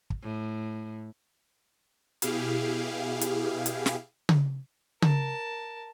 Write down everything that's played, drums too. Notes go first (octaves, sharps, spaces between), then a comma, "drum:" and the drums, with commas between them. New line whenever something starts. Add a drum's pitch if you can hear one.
drum: kick
A2
B2 E4 G4 G#4 F5, drum: hi-hat
drum: hi-hat
drum: hi-hat
drum: snare
drum: tom C#3
A#4 A5, drum: tom C#3